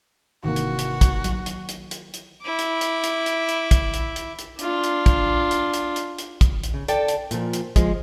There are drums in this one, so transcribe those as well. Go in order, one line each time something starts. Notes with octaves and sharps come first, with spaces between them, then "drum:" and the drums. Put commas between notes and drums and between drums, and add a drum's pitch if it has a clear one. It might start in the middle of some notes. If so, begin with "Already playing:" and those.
G#1 C3 D#3 E3 A#3 F#4
drum: hi-hat
drum: hi-hat
drum: kick, hi-hat
F#3, drum: hi-hat
drum: hi-hat
drum: hi-hat
drum: hi-hat
drum: hi-hat
E4 D6
drum: hi-hat
drum: hi-hat
drum: hi-hat
drum: hi-hat
drum: hi-hat
drum: kick, hi-hat
drum: hi-hat
drum: hi-hat
drum: hi-hat
D4 F4, drum: hi-hat
drum: hi-hat
drum: kick, hi-hat
drum: hi-hat
drum: hi-hat
drum: hi-hat
drum: hi-hat
drum: kick, hi-hat
drum: hi-hat
C#3
A4 D5 G5 A5, drum: hi-hat
drum: hi-hat
A#2 F3, drum: hi-hat
drum: hi-hat
F3 G#3, drum: kick, hi-hat